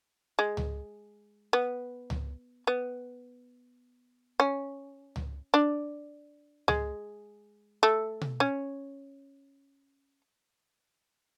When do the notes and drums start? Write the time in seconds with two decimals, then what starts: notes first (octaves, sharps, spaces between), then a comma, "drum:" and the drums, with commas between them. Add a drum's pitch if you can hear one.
0.39 G#3
0.57 drum: tom C#2
1.53 B3
2.10 drum: tom C#2
2.67 B3
4.40 C#4
5.16 drum: tom C#2
5.54 D4
6.68 G#3, drum: tom C#2
7.83 A3
8.21 drum: tom B2
8.40 C#4